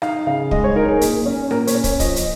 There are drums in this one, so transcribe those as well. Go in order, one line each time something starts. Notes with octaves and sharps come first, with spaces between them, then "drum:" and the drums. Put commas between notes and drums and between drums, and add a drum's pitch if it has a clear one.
D#4 F5, drum: rim click
C#3 F5
G#3 D#5, drum: kick
C#5
D#4 A#4
G#4
A#2, drum: hi-hat
C#4
A#2 A#4, drum: rim click
C#5, drum: hi-hat
C#4
C#5, drum: kick, hi-hat
F3 D#5, drum: kick, hi-hat
drum: hi-hat